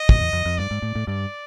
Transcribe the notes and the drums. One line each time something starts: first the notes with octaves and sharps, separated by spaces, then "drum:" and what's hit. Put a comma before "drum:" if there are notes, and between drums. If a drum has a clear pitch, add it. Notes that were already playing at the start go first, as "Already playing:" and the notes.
Already playing: D#5
F2, drum: kick
E2
F2
F2
G2 D5
G#2
A2
A2
G2 D5